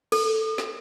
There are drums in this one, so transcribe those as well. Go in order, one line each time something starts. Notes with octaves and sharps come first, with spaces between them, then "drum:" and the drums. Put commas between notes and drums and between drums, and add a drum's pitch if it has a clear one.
A4, drum: cymbal
drum: snare